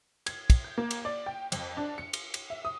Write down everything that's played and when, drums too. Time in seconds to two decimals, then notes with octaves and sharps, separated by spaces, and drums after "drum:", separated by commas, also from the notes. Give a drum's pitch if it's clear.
0.26 G#6, drum: cymbal
0.50 drum: kick, cymbal
0.64 G6
0.78 A#3
0.91 drum: cymbal
1.05 D5
1.26 G5
1.52 F2, drum: cymbal
1.77 D4
1.98 C#7
2.13 drum: cymbal
2.34 drum: cymbal
2.50 E5
2.65 D#6